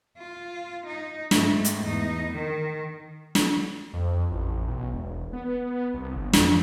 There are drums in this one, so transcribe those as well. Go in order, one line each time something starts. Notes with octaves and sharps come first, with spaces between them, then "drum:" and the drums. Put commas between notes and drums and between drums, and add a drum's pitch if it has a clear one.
F4
D#4
G#2 A3, drum: snare
drum: hi-hat
E2 D#4
D#3
drum: snare
F2
A1
B1
E1
B3
C2
G1
F2, drum: snare